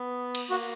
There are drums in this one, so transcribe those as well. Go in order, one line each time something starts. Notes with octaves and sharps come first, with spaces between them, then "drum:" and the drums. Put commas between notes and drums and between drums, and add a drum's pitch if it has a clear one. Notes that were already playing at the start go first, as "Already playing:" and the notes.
Already playing: B3
drum: cymbal
A#3 F#4